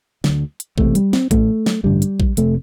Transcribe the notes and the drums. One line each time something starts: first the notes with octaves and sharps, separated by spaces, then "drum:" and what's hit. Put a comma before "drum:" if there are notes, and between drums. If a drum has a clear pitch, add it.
D2 D3, drum: snare
drum: hi-hat
E1 E2 C3 A3, drum: kick A1
G3, drum: hi-hat
C4, drum: snare
A1 A2 A3, drum: kick A1, hi-hat
drum: snare
A1 G2 D3 G3
drum: hi-hat
drum: kick A1
F1 C3 A3, drum: hi-hat